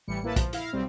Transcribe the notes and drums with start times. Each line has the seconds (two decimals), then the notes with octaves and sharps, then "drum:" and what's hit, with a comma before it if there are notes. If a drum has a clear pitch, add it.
0.07 A1 E3 G3 C#7
0.22 A1 A#3 E4 B4 A5
0.36 F3, drum: kick A#1, hi-hat
0.53 E4 F5 A#6, drum: hi-hat
0.73 B1 G3 C4